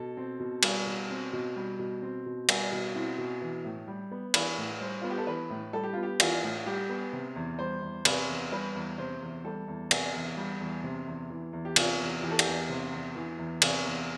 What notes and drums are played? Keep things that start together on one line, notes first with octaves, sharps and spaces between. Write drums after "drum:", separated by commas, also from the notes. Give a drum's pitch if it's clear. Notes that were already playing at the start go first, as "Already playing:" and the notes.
Already playing: B2 A4
C4
B2
G3, drum: cymbal
B2
C4
B2
G3
B2
C4
B2
G3, drum: cymbal
B2
C4 E4
B2
E3
A2
G3
B3
E3 B4, drum: cymbal
A2
G3 C5
B3 F4
G4
A4
E3 B4
A2
G3 A4
G4
B3 F4
G4
E3 F4, drum: cymbal
A2
G3 G4
B3
C3
E2
G3 C5
E2
C3 B4, drum: cymbal
E2
G3 B4
E2
C3 C5
E2
G3 A4
E2
C3, drum: cymbal
E2
G3
E2
C3
E2
E3
E2
G4
C3 F4, drum: cymbal
E2
E3 G4
A4
G4, drum: cymbal
E2
C3
E2
E3
E2
C3, drum: cymbal
E2